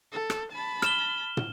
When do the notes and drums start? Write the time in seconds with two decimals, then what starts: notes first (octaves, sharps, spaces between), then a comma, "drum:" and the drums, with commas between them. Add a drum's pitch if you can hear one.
0.12 A4
0.30 drum: rim click
0.52 A5 B5
0.82 F6 E7 G7, drum: rim click
1.37 drum: tom